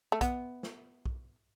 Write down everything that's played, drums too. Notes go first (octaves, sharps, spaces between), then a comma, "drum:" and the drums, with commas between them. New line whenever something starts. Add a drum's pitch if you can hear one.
A3
B3, drum: kick B1, hi-hat
drum: snare
drum: kick B1